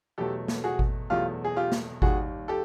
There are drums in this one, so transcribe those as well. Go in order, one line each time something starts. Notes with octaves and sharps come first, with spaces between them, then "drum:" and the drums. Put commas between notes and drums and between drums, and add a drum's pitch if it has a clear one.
E2 B2 F#3 A3 G4 A4
drum: snare
F#4 G#4
drum: kick G#1
E2 B2 F#3 A3 F4 G4
G#4
F4 G4
drum: snare
D#2 D#3 G3 F#4 G#4, drum: kick G#1
G4 A4